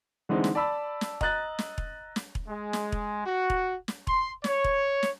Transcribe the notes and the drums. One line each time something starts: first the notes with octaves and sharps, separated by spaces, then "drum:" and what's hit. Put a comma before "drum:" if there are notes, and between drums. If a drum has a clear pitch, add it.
D3 E3 G#3 C4 D#4
drum: snare
D5 A5 B5 E6
drum: snare
D#5 A#5 F#6 A6, drum: kick E1
drum: snare
drum: kick E1
drum: snare
drum: kick E1
G#3
drum: snare
drum: kick E1
F#4
drum: kick E1
drum: snare
C6, drum: kick E1
C#5, drum: snare
drum: kick E1
drum: snare